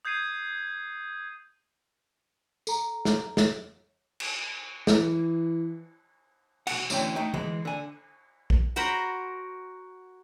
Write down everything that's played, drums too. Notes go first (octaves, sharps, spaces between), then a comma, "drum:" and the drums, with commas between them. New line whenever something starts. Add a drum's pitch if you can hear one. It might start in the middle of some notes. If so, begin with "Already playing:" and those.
D#6 G6 G#6 C7 D#7
A4 A#5, drum: tambourine
drum: snare
drum: snare
drum: cymbal
E3, drum: snare
B1 F#5, drum: cymbal
D2 A2 D3 E3 C#4 G5, drum: tambourine
A3 D#4 D#5 G5
E3 G#3, drum: tom D3
D3 G#5
drum: kick
F#4 A#4 C5 A#5 B5